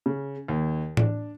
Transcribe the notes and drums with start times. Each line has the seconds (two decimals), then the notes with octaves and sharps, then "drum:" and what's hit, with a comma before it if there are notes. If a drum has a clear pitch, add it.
0.06 C#3
0.48 D#2
0.97 D4, drum: tom A2